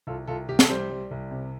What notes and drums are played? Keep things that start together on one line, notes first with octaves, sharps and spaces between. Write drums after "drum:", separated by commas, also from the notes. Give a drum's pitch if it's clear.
C2 F4 A4
C2 F4 A4
C2 G4
A4, drum: snare
G3 G4 C5
G3
C2
C3